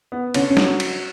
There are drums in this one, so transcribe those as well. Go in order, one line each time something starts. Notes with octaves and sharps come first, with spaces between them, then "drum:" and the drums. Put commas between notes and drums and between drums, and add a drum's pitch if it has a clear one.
B3
D3 C#4, drum: cymbal
C#4
F#3, drum: snare
drum: cymbal